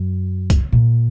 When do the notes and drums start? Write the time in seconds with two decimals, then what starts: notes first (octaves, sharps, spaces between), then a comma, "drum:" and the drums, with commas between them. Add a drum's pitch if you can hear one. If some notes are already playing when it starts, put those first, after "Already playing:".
Already playing: F#2
0.50 drum: kick C2, hi-hat
0.72 A#2